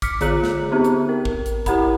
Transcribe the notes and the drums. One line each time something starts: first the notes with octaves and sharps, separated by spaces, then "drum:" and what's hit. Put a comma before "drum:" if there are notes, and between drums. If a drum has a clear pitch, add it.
D6 F6 B6 C#7, drum: kick, hi-hat
D3 F4 G#4 A#5 F#6 F#7, drum: hi-hat
drum: snare
B3 C4 D#4 G4
drum: hi-hat
A#4
drum: kick
drum: hi-hat
E4 G4 A#4 F#5 A#5 B5, drum: kick, hi-hat